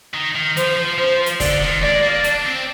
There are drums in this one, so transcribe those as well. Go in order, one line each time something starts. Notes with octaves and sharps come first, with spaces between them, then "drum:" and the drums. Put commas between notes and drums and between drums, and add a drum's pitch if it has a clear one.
D#3
D#3
F3 C5, drum: hi-hat
F3
F3 C5
drum: hi-hat
D3 D5, drum: kick, open hi-hat
D#3
G#3 D5
A#3
D4, drum: hi-hat
C4